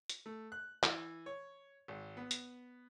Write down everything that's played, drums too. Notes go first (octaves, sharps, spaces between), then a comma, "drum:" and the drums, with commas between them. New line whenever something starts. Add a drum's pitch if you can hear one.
drum: hi-hat
A3
F#6
E3, drum: clap
C#5
G#1
B3
drum: hi-hat